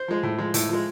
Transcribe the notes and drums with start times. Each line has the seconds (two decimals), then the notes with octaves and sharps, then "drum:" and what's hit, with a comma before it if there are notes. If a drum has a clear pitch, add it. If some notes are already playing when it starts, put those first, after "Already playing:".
Already playing: C5
0.08 F3 G#3
0.23 A2
0.39 F3 G#3
0.54 A2, drum: hi-hat
0.69 F3 G#3